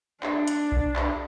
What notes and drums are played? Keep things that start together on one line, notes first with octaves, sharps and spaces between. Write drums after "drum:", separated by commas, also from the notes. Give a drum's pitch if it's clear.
D4, drum: clap
drum: hi-hat
drum: kick B1
drum: clap